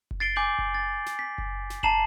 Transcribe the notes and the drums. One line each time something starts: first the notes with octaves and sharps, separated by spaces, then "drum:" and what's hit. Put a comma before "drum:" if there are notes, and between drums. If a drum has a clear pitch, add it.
drum: kick F#1
A6 C7 D7 G7
G#5 D6 G6 C7 F#7
drum: kick F#1
A6
drum: snare
B6
drum: kick F#1
drum: snare
A5 A#5 C7 E7 F#7, drum: kick F#1